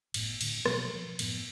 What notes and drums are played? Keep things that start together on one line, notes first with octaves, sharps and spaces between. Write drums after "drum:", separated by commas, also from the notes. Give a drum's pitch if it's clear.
F#1 A2 B3, drum: cymbal
A2 D3, drum: cymbal
B2 F3 F#3, drum: rim click
F3
F#2 A2 B3, drum: cymbal